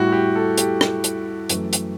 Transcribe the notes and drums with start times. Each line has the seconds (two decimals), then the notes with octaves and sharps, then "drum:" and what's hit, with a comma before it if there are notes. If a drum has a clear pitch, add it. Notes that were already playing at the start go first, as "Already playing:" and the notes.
Already playing: A2 G3 E4 F#4
0.13 G4
0.35 A4
0.58 G4, drum: hi-hat
0.81 drum: rim click
1.04 drum: hi-hat
1.49 F#2 E3 A3, drum: hi-hat
1.73 drum: hi-hat